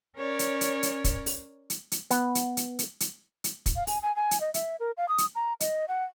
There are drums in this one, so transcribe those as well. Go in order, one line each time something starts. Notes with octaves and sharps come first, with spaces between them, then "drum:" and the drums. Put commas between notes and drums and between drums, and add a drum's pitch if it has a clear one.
C#4 A#4 C#5 D5
drum: hi-hat
drum: hi-hat
drum: hi-hat
drum: kick, hi-hat
drum: open hi-hat
drum: hi-hat
drum: hi-hat
B3, drum: hi-hat
drum: hi-hat
drum: hi-hat
drum: hi-hat
drum: hi-hat
drum: hi-hat
drum: kick, hi-hat
F5
G#5, drum: open hi-hat
G#5
G#5
drum: hi-hat
D#5
E5, drum: hi-hat
A#4
F5
D#6
drum: hi-hat
A#5
D#5, drum: hi-hat
F#5